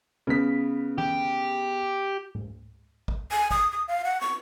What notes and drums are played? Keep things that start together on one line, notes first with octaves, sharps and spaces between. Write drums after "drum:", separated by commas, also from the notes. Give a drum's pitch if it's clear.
C#3 B3 B6
G4, drum: tom E3
drum: tom G#2
drum: kick G#1
G#5
D#6, drum: kick G#1
D#6
F5
F#5
C#6, drum: cymbal